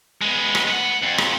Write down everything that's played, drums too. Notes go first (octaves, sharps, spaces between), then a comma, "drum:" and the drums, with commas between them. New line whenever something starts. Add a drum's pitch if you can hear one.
G#3 B3
drum: rim click
B3 F#5
F2
drum: rim click